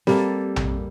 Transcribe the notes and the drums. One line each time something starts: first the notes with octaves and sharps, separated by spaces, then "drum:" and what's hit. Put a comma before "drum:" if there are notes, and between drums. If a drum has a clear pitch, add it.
G3 A#3 C4 G4 A4 A#4, drum: snare
drum: tom A#1